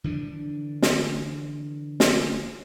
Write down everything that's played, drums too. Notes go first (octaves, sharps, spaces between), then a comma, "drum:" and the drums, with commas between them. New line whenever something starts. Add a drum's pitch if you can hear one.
D3 E3 F3 D4
drum: snare
drum: snare